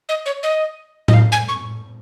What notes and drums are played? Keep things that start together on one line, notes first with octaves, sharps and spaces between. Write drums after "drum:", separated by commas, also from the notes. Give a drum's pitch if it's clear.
D#5
C#5
D#5
D#5, drum: tom A2
F5
G#5
C#6